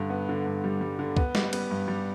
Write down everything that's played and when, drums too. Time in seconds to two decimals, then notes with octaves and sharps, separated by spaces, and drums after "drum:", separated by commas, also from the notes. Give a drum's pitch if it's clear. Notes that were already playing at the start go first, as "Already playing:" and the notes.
Already playing: G2 D3
0.10 B3
0.29 D3
0.47 G2
0.64 G3
0.81 G3
0.99 D3
1.17 B3, drum: kick
1.35 G3, drum: snare
1.53 B3, drum: cymbal
1.71 G2
1.88 G3